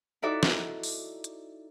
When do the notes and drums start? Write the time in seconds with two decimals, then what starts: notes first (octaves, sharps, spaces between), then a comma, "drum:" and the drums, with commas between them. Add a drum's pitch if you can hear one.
0.22 D#4 E4 F#4 A4 D5 E5
0.43 drum: snare
0.83 drum: open hi-hat
1.24 drum: hi-hat